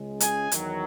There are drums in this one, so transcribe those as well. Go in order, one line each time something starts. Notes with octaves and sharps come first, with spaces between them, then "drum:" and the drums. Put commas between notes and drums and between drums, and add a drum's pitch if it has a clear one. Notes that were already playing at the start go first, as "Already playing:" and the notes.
Already playing: C#2 C#3 G#3
G#4 G#5, drum: hi-hat
E2 D#3 F#3, drum: hi-hat